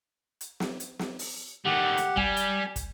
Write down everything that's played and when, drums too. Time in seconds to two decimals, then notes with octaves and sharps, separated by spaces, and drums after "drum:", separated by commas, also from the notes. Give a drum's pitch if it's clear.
0.41 drum: hi-hat
0.60 drum: snare
0.80 drum: hi-hat
0.99 drum: snare
1.19 drum: open hi-hat
1.65 D#3 A3 G4 F#5
1.97 drum: hi-hat
2.17 G3 G#5, drum: kick
2.37 drum: hi-hat
2.76 drum: kick, hi-hat